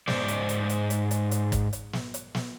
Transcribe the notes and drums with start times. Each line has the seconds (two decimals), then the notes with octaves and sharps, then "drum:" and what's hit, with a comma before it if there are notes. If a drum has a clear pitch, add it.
0.08 G#2 C5 D5, drum: snare
0.28 drum: hi-hat
0.49 drum: hi-hat
0.69 drum: hi-hat
0.90 drum: hi-hat
1.11 drum: hi-hat
1.31 drum: hi-hat
1.52 drum: kick, hi-hat
1.73 drum: hi-hat
1.93 drum: snare
2.14 drum: hi-hat
2.35 drum: snare